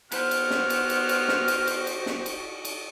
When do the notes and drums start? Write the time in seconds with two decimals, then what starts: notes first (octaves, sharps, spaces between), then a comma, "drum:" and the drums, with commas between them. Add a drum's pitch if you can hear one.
0.12 B3 F#4 G4 C5 F6, drum: cymbal
0.31 drum: cymbal
0.51 drum: snare
0.70 drum: cymbal
0.89 drum: cymbal
1.09 drum: cymbal
1.28 drum: snare
1.48 drum: cymbal
1.67 drum: cymbal
1.87 drum: cymbal
2.06 drum: snare
2.26 drum: cymbal
2.65 drum: cymbal